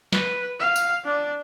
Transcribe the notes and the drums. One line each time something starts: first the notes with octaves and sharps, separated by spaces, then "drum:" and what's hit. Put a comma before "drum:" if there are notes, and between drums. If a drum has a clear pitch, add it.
B4, drum: snare
F5
drum: tambourine
D4 D5